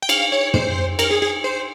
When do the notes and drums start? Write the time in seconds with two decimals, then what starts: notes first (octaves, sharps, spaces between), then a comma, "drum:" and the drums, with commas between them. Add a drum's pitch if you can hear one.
0.02 G5
0.09 F5, drum: cymbal
0.32 C#5
0.54 C5, drum: tom
0.99 A#4, drum: cymbal
1.11 G#4
1.22 G#4
1.44 C5